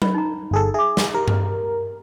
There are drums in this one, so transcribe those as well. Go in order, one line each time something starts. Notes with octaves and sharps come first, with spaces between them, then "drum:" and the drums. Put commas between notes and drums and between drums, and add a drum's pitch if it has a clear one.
B5, drum: tom F#3
D#4 A#5
G1 G#4 A4
G#4 E5 D6
drum: snare
G4 A#4
drum: tom G2